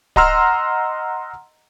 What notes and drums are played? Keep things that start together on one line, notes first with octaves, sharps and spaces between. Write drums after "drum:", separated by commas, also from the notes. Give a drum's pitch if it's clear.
D#5 F#5 A#5 C6 E6 F6, drum: kick D1